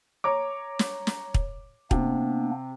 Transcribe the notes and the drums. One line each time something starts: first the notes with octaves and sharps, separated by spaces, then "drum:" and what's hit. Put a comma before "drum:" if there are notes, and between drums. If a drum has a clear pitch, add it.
C#5 A#5 D6
drum: snare
drum: snare
drum: kick
C3 A#3 B3 D4, drum: kick